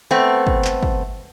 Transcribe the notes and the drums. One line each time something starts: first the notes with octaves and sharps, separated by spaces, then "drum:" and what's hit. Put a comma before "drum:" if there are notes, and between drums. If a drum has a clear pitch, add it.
A3 B3 C4
drum: kick
drum: clap
drum: kick